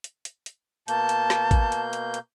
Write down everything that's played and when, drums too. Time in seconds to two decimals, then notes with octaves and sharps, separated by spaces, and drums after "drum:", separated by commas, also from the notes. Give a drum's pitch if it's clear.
0.04 drum: hi-hat
0.25 drum: hi-hat
0.46 drum: hi-hat
0.88 B2 A#3 A5 G6, drum: hi-hat
1.09 drum: hi-hat
1.30 drum: snare
1.51 drum: kick, hi-hat
1.72 drum: hi-hat
1.93 drum: hi-hat
2.14 drum: hi-hat